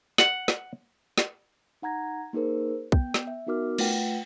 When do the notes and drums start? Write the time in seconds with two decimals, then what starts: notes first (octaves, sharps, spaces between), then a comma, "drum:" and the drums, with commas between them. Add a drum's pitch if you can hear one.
0.18 F#5, drum: snare
0.48 drum: snare
1.18 drum: snare
1.82 D#4 F#5 A#5 G#6 A#6
2.33 A#3 D#4 G#4 A#4 C5
2.92 B3 G5 G6, drum: kick
3.14 drum: snare
3.27 E5
3.46 B3 D#4 F#4 A#4 D6 F6
3.78 A3 F4 B4 F#5 G5, drum: cymbal